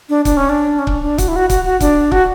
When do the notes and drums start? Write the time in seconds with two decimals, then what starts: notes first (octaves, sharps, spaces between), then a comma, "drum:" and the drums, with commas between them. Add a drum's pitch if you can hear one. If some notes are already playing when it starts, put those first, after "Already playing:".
0.09 D4
0.25 D4, drum: kick C#1, hi-hat
0.37 C#4
0.49 D4
0.78 C#4
0.87 D4, drum: kick C#1
1.03 D4
1.18 F#4, drum: kick C#1, hi-hat
1.28 E4
1.36 F#4
1.50 F#4, drum: kick C#1, hi-hat
1.65 F#4
1.80 D4, drum: kick C#1, hi-hat
2.12 F#4, drum: kick C#1